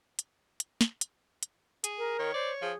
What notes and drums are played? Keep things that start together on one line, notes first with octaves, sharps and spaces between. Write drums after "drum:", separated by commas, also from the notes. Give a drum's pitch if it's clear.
drum: hi-hat
drum: hi-hat
drum: snare
drum: hi-hat
drum: hi-hat
G#4, drum: hi-hat
A#4
D#3 C#5
C5 D5
F3 G#4